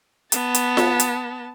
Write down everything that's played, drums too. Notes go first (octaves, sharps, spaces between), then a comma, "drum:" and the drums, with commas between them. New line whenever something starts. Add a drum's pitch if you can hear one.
B3 A5, drum: hi-hat
drum: hi-hat
drum: snare F4
drum: hi-hat